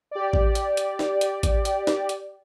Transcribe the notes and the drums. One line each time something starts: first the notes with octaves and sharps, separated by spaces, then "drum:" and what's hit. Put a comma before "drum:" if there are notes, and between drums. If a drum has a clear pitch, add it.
G4 D5
drum: kick A1
drum: hi-hat
drum: hi-hat
drum: snare
drum: hi-hat
drum: kick A1, hi-hat
drum: hi-hat
drum: snare
drum: hi-hat